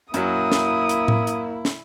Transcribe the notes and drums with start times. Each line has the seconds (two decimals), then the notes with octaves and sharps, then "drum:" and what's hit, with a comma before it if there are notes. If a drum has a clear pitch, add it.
0.14 F#2 F#3 A#3 E4 D#6, drum: hi-hat
0.52 drum: snare
0.89 drum: hi-hat
1.08 drum: tom A2
1.27 drum: hi-hat
1.65 drum: snare